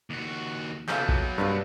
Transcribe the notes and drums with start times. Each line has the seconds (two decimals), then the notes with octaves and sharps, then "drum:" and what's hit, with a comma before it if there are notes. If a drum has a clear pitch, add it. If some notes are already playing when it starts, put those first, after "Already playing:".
0.10 D#2 F#4
0.88 A#2 C#3 F#3 A3 B3 F5 G6, drum: clap
1.09 drum: kick A#1
1.38 G2 A#3 D4 B4